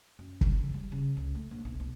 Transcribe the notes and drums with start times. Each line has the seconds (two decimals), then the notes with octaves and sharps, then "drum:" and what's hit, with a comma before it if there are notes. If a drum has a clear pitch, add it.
0.19 F#2
0.41 drum: kick
0.53 C#3
0.74 G3
0.92 C#3
1.17 C#2
1.35 A3
1.51 A#1
1.65 B1
1.80 B1